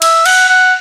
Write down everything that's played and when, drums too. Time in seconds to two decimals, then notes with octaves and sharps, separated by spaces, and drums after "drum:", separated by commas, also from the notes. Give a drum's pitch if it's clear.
0.02 E5, drum: cymbal
0.26 F#5, drum: cymbal
0.49 F#5